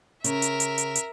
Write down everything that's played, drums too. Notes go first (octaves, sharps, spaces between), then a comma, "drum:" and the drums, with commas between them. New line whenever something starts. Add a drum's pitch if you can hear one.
C#3 A#4 E5, drum: hi-hat
drum: hi-hat
drum: hi-hat
drum: hi-hat
drum: hi-hat